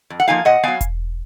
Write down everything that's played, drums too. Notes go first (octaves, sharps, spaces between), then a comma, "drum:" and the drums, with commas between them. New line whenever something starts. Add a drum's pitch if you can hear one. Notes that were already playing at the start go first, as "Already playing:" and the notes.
F2
F#5
F3 A#3 D#4 F5 G#5
A#2 D#5 F#5
F#3 B3 F5 G#5
drum: kick E1, hi-hat